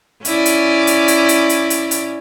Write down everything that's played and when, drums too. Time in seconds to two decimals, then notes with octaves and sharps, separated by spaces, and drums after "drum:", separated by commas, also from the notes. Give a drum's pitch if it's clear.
0.25 C#4 E4 D5, drum: hi-hat
0.46 drum: hi-hat
0.87 drum: hi-hat
1.08 drum: hi-hat
1.29 drum: hi-hat
1.49 drum: hi-hat
1.70 drum: hi-hat
1.91 drum: hi-hat